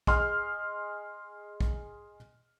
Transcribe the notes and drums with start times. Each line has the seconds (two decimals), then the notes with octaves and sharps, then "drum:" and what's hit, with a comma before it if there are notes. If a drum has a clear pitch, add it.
0.07 G#4 D#5 C6 F6, drum: kick
1.61 drum: kick